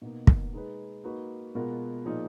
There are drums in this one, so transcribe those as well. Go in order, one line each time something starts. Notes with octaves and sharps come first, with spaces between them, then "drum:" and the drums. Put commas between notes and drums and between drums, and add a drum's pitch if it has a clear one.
B2 A#3 D#4
drum: kick
G#3 D#4 G#4 B4
A#3 D#4 F#4 B4
B2 G#3 B3 F4 A#4
A#2 F3 A#3 D#4 G#4